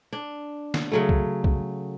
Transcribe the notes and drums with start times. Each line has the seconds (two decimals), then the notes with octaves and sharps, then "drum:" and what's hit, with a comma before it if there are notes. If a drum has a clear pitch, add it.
0.13 D4
0.74 drum: snare
0.92 C#3 F#3 A3
1.09 drum: kick
1.44 drum: kick